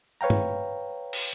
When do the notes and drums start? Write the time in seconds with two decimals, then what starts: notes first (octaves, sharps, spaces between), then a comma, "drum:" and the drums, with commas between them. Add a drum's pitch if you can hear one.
0.21 B4 C#5 F5 G5 A#5
0.30 drum: tom
1.13 drum: cymbal